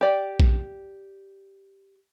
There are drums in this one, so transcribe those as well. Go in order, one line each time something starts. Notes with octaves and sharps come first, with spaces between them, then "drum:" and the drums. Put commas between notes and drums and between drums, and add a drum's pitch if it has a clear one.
G4 D5 G5
drum: kick A#1